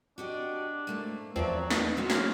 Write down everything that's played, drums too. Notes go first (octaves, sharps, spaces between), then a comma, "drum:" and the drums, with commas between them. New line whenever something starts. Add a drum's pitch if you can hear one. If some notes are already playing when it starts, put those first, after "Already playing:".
D4 F#4 G4 D#5
G#2 A3 A#3
E2 F3 F#3 C4 D5 E5 A5
D#4 B4 F5, drum: snare
F#3 C#4 F4 F#4
drum: snare